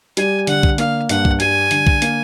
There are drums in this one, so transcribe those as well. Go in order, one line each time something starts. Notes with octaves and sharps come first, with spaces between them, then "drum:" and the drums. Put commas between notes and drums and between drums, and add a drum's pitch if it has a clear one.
G3 G#5, drum: hi-hat
D3 F#5, drum: hi-hat
drum: kick B1
A#3 F5, drum: hi-hat
G2 F#5, drum: hi-hat
drum: kick B1
G3 G#5, drum: hi-hat
D3, drum: hi-hat
drum: kick B1
A#3, drum: hi-hat